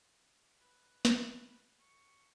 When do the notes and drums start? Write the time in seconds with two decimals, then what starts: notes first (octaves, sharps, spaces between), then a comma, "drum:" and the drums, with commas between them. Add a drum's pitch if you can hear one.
0.60 B4
1.05 drum: snare
1.80 C#6